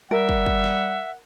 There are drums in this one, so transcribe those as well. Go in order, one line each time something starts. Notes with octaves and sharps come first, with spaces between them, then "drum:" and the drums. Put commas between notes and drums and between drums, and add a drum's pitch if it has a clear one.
G3 A#4 E5 F#5
drum: kick
drum: kick
drum: snare